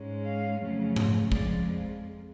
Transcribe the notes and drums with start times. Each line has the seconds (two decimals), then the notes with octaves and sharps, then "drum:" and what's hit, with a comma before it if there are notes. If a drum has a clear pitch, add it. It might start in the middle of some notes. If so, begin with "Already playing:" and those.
Already playing: G#2 G#3 C#4
0.26 F5
0.61 F2 C#3 F#3 A3 C#4
0.96 drum: tom G#2
1.32 F2 F3 G#3 D5, drum: kick